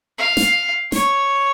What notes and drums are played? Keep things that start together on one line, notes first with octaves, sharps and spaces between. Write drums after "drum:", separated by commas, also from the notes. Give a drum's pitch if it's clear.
F5
drum: snare
C#5, drum: snare